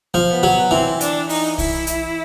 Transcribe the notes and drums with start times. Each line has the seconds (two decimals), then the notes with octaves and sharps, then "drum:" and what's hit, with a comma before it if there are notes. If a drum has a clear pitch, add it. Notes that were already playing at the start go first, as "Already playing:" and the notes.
0.14 F3
0.29 B3
0.43 F#3
0.71 E3 C4
1.01 D4, drum: hi-hat
1.29 D#4, drum: open hi-hat
1.58 E4, drum: kick, open hi-hat
1.87 drum: hi-hat